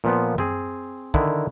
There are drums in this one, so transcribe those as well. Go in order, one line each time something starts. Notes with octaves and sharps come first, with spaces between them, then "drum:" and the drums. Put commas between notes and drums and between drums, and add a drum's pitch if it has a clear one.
A#2 F3 B3
C4 G#4, drum: tom F#2
D3 D#3 E4, drum: kick